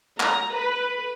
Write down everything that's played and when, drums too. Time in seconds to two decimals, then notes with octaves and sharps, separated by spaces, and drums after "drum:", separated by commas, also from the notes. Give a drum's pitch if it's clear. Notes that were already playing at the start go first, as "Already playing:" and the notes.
0.20 A#5, drum: clap
0.55 B4